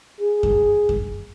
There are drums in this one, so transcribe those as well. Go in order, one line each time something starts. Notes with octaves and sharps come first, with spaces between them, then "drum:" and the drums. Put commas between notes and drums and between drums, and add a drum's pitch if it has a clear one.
G#4
drum: kick F#2
drum: kick F#2